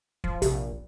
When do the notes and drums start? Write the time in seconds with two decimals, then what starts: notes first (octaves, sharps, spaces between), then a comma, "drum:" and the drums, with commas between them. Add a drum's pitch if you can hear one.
0.24 F3, drum: kick
0.42 A#1 C3, drum: hi-hat